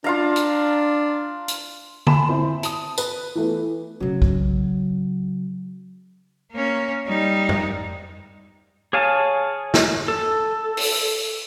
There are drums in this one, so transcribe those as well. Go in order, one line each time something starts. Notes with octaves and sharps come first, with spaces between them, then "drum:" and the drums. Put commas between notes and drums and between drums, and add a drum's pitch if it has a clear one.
D4 F4 F5 A#5
drum: hi-hat
drum: hi-hat
G#5 A5 B5 C6 E7, drum: tom D3
C4 E4 C5
A5 D#6, drum: hi-hat
B4, drum: tambourine
E3 A3 B3
C#3 F#3
drum: kick
A#3 C#4
G3 D#4
drum: tom
G#4 C#5 F5 G#5 A5
drum: snare
A4
drum: open hi-hat